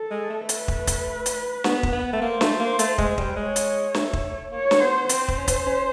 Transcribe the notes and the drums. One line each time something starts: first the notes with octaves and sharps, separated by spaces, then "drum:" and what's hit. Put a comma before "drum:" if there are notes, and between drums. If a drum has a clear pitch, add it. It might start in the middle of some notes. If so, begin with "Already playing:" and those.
Already playing: A4
G#3
A3
B4, drum: hi-hat
drum: kick
drum: kick, hi-hat
drum: hi-hat
B3, drum: snare
drum: kick
B3
A3
A#3 C5
A3, drum: snare
A#3
A3, drum: hi-hat
G#3, drum: kick
G3, drum: kick
G#3 C#5
drum: hi-hat
A3, drum: snare
drum: kick
A#3 C#5
drum: snare
B3 C5
C4 C5, drum: hi-hat
drum: kick
C#4
drum: kick, hi-hat
C#4